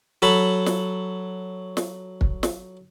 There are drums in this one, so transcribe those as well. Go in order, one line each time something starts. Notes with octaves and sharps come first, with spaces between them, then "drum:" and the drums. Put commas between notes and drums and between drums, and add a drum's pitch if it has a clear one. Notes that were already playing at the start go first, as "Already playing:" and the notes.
F#3 A4 B5
drum: snare
drum: snare
drum: kick
drum: snare